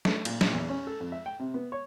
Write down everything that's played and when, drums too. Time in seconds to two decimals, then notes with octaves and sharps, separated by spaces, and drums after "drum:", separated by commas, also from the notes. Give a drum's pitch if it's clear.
0.05 A3, drum: snare
0.25 A#2, drum: cymbal
0.41 A#2, drum: snare
0.53 E2
0.69 C#4
0.87 A4
1.00 F2
1.12 E5
1.26 G5
1.39 C3
1.54 B3
1.72 C#5